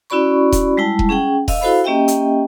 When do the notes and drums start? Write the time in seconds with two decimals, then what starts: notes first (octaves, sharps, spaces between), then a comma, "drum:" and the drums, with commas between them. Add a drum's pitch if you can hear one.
0.10 C#4 E4 F#4 D5 B5 C#6
0.52 drum: kick E1, hi-hat
0.77 G3 G#3 E4 A5
0.99 drum: kick E1
1.09 C#4 G#4 F#5 G5
1.48 D#5 F5 E6, drum: kick E1, open hi-hat
1.61 E4 F#4 A4 C5 F5 B5
1.84 A#3 C#4 G4 D#5 E5 G5
2.08 drum: hi-hat